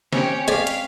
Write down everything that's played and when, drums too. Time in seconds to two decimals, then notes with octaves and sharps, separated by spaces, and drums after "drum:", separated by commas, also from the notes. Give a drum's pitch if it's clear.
0.13 C4 C#4 G4 C#5, drum: snare
0.48 G#3 C#5 D5 F5 B6, drum: hi-hat
0.67 drum: hi-hat